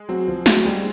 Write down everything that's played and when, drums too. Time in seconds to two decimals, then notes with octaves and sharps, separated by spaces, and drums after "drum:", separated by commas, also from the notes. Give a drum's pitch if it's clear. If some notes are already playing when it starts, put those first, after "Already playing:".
Already playing: G#3
0.09 F#3 C4
0.28 F3
0.46 F#3 G#3, drum: snare
0.65 G3